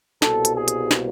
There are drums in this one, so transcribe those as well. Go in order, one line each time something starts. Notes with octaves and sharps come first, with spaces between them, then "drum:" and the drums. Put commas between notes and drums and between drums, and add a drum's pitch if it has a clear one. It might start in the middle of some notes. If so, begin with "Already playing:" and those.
C2 B2 G3 A#3 A4, drum: snare
drum: hi-hat
G#4
drum: hi-hat
drum: snare